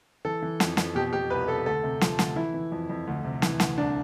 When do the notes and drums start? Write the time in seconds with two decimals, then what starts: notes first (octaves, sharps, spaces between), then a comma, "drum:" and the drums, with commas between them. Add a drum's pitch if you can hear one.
0.25 E3 A4
0.42 E3
0.60 F2, drum: snare
0.77 F2, drum: snare
0.95 B2 G4
1.13 B2 G4
1.30 C2 B4
1.48 C2 A4
1.66 D2 A4
1.83 C3
2.01 F3, drum: snare
2.19 D2, drum: snare
2.36 E3 E4
2.54 E3
2.72 F2
2.89 F2
3.07 D2
3.24 C3
3.42 E3, drum: snare
3.60 D2, drum: snare
3.78 C2 D4